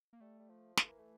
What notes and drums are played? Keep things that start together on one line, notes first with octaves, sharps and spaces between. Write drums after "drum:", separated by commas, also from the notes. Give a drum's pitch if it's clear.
A#3
G3 A3
G3
F3
E3 A3, drum: snare
A#3
A3